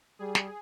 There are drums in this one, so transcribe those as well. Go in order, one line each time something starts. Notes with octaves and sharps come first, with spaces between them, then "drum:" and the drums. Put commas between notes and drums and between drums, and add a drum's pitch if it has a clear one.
G3 G#4
drum: snare